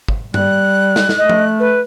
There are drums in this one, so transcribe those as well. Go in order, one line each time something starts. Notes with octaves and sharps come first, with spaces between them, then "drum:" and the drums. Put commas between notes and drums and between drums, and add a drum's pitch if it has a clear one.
drum: kick
G3 F#6, drum: tom G2
drum: snare
drum: snare
A3 D#5
drum: tom F3
B4